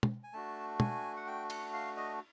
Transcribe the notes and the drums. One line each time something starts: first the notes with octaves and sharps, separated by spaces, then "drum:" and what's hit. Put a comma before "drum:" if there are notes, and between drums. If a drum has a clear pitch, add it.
drum: tom
G#5
A3 D4 F#4 A5
G#5, drum: tom
F#5
G5
F#5, drum: cymbal
F5
D#5